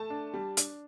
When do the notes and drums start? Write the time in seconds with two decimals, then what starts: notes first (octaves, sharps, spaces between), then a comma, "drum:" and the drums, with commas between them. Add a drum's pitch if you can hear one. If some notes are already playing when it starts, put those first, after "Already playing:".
Already playing: A3 A5
0.10 D4
0.34 G3
0.57 D4, drum: hi-hat